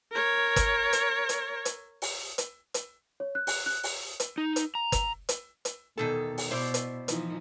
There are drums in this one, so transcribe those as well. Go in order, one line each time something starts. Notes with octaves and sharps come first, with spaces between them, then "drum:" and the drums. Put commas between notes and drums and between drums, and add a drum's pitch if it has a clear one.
A#4 C#5
drum: kick, hi-hat
drum: hi-hat
drum: hi-hat
drum: hi-hat
drum: open hi-hat
drum: hi-hat
drum: hi-hat
C#5
F#6
F#6, drum: open hi-hat
F#6
drum: open hi-hat
drum: hi-hat
D#4
drum: hi-hat
A#5
drum: kick, hi-hat
drum: hi-hat
drum: hi-hat
E2 B2 D#3 A4
drum: open hi-hat
B2 E4 C5 D5
drum: hi-hat
E3 F3 D#4, drum: hi-hat